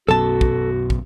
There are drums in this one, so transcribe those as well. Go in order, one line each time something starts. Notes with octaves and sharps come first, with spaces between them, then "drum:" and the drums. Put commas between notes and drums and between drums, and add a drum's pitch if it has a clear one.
B1 F#2 B2 F#4 A4 A5
drum: kick
drum: kick